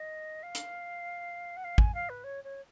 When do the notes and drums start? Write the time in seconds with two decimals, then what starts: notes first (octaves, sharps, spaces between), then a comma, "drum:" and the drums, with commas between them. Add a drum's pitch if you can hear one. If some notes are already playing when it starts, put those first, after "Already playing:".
Already playing: D#5
0.43 F5
0.55 drum: hi-hat
1.57 F#5
1.64 F5
1.78 G#5, drum: kick
1.94 F5
2.09 B4
2.24 C#5
2.44 C#5